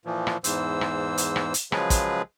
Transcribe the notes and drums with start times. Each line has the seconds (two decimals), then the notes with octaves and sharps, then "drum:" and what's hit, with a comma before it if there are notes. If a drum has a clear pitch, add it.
0.05 A#2 E3 F3
0.27 drum: rim click
0.44 E2 G#2 E3 C5 E6, drum: hi-hat
0.81 drum: rim click
1.18 drum: hi-hat
1.36 drum: rim click
1.54 drum: hi-hat
1.72 C#3 F3 F#3 G#3 G#4 B4, drum: rim click
1.90 drum: kick, hi-hat